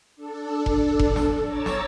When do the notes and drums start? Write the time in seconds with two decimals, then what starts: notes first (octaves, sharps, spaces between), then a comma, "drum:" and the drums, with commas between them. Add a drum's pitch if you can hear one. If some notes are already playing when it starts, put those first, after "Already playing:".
0.16 D4 A4
0.66 drum: kick F1
0.99 drum: kick F1
1.16 drum: snare
1.46 C#5 A#5 C#6 D6 E6 A6
1.66 drum: snare